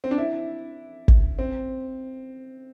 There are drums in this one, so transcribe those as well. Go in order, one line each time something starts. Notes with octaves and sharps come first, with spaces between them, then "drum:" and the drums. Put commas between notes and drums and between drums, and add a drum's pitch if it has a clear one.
C4
D4
E4
drum: kick
C4